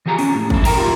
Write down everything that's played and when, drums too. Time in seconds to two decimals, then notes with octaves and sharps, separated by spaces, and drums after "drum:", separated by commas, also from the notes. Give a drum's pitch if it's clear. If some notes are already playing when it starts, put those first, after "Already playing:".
0.06 E3 F3 G4 G#4 A#5
0.19 C#4 D4, drum: open hi-hat
0.35 A2
0.50 F3 E4, drum: kick G#1
0.65 A#4 G5 A#5, drum: cymbal
0.77 E4 F4 G4